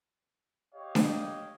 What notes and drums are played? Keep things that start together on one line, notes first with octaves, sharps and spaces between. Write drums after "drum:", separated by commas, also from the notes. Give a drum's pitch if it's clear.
G4 C#5 D#5 F5
drum: snare D4